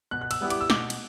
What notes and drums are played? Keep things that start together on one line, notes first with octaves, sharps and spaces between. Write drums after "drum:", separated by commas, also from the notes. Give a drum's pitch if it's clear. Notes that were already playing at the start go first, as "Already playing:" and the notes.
B2 F#6
F#6
E6, drum: cymbal
G3 B3 E4 G4
D6, drum: cymbal
E6
B2 D6, drum: snare
drum: cymbal